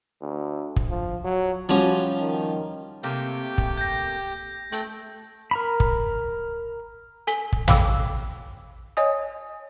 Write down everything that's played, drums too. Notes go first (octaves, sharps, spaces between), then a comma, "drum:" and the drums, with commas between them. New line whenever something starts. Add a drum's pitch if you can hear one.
D2
drum: kick
F3
F#3
F3 G3 C#4 F#4, drum: hi-hat
D#3
C3 A3 A#3 G4 G5
drum: kick
G6 A#6
A3 G5, drum: hi-hat
A#4 A#5 B5
drum: kick
A4 G#5 B6 G7, drum: hi-hat
drum: kick
F5 G5 B5 D6 E6, drum: tom A1
C#5 D#5 G#5 D#6